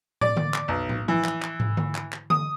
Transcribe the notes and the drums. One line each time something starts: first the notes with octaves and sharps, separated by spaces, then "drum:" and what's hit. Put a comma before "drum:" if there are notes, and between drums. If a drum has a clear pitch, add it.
D5, drum: tom
drum: tom D3
drum: clap
B1
drum: tom
E3, drum: tom F3
drum: clap
drum: clap
drum: tom
drum: tom D3
drum: clap
drum: clap
D#6, drum: tom D3